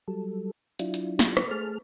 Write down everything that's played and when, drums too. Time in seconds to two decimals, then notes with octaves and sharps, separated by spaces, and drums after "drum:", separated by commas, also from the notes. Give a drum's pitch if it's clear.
0.08 F#3 G3 A4
0.79 F#3 D4 E4 F4, drum: hi-hat
0.94 drum: hi-hat
1.19 drum: snare
1.37 drum: rim click
1.51 A3 G#4 A5 F6